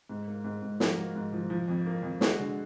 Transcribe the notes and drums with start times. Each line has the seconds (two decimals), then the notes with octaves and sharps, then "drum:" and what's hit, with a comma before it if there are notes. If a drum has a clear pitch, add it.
0.09 G#2
0.27 A#3
0.45 G#2
0.63 G#2
0.80 F3 F#4, drum: snare
0.97 A#3
1.16 G#2
1.33 F3
1.50 F3
1.68 F2
1.86 A#3
2.03 F2
2.21 G#3 F#4, drum: snare
2.39 D3